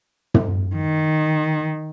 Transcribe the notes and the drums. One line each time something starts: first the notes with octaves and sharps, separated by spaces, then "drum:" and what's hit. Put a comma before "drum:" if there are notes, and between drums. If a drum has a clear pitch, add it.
drum: tom
D#3